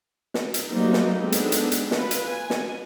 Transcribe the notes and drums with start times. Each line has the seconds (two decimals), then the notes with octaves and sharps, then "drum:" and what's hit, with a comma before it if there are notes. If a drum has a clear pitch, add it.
0.34 drum: snare
0.54 drum: hi-hat
0.69 F#3 G3 A3 A#3 C4 D#4
0.93 drum: snare
1.22 G#3 B3 C4 D4 D#4 A4
1.32 drum: hi-hat
1.52 drum: hi-hat
1.72 drum: hi-hat
1.91 F4 B4, drum: snare
2.11 drum: hi-hat
2.27 G#5
2.50 drum: snare